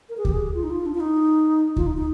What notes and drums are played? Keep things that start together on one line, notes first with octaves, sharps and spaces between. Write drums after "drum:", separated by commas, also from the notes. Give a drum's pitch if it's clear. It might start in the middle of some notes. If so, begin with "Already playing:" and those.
A#4
G#4
G4, drum: kick D2
G#4
F4
D#4
F4
D4
F4
D#4
F4, drum: kick D2
D#4
D#4